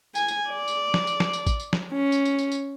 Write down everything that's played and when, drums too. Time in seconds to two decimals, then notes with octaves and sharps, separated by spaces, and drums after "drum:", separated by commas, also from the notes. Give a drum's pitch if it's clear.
0.15 G#5, drum: tambourine
0.28 drum: tambourine
0.50 D5
0.68 drum: tambourine
0.94 drum: snare
1.07 drum: tambourine
1.20 drum: snare
1.33 drum: tambourine
1.47 drum: kick A1, tambourine
1.60 drum: tambourine
1.73 drum: snare
1.93 C#4
2.12 drum: tambourine
2.25 drum: tambourine
2.38 drum: tambourine
2.52 drum: tambourine